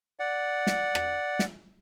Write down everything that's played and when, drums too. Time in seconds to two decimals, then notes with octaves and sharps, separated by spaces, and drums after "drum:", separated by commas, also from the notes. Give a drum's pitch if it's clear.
0.19 D5 F#5
0.67 drum: snare
0.95 drum: rim click
1.39 drum: snare